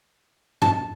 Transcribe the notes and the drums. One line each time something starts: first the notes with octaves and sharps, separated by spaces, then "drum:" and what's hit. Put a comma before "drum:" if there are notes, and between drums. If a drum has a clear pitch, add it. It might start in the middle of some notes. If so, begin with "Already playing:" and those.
A5, drum: tom